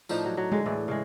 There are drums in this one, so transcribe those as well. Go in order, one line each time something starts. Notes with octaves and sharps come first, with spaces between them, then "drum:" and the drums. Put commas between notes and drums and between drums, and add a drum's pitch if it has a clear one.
A2 F3 D4 D#4, drum: tambourine
F#3
F#3
D3 G#3, drum: tom G#3
A2 E3 D5
C#3 G#3